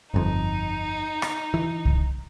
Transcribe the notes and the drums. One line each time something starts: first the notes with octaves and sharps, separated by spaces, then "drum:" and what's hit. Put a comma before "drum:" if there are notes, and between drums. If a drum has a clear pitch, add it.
G1 F2 D#4
drum: rim click
E3
drum: kick C2